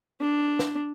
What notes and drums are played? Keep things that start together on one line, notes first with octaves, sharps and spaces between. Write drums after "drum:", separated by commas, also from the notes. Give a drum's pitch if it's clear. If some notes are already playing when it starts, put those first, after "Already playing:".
D4
drum: snare